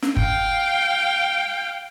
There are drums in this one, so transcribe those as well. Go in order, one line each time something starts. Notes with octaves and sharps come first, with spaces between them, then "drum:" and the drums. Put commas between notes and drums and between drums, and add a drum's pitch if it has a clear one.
drum: snare
F5 G5, drum: kick